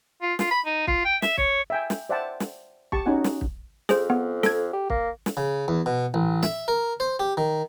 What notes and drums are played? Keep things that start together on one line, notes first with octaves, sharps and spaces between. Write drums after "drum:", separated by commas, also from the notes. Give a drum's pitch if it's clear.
F4
F4, drum: snare
B5
D#4
F4, drum: kick
G5
E5, drum: snare
C#5, drum: kick
E5 G5 G#5
drum: snare
C5 D5 E5 F#5 G5 A5
drum: snare
G4 A5 C#6, drum: kick
C#4 D#4 F#4 F#5 G#5
drum: snare
drum: kick
F2 G#4 C5, drum: snare
B3
A4 G#6, drum: snare
G4
A#3, drum: kick
drum: snare
C#3
E2
B2
A1
E5, drum: snare
A#4
C5
G4
D#3